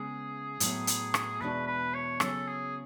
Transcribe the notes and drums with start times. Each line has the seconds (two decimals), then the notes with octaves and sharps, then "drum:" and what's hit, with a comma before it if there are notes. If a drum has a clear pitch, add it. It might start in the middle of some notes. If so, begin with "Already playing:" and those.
Already playing: C#3 G#3 B3 G#4
0.60 A2 F#3 B3, drum: hi-hat
0.87 drum: hi-hat
1.14 drum: rim click
1.41 E2 B2 G#3 D4 F#4 B4
1.67 B4
1.94 C#5
2.20 C#3 F#3 B3 A4, drum: rim click
2.47 G#4